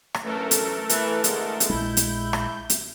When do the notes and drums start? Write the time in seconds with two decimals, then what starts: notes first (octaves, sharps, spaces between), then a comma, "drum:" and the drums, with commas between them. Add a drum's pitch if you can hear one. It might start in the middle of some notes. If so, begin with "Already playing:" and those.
0.14 drum: rim click
0.24 F#2 D3 E3 A3 A4 A#4
0.51 drum: hi-hat
0.89 E3, drum: hi-hat
1.24 D3 E3 G#3, drum: hi-hat
1.60 drum: hi-hat
1.70 A#1 G#3 E4 G6
1.97 drum: hi-hat
2.33 drum: rim click
2.70 drum: hi-hat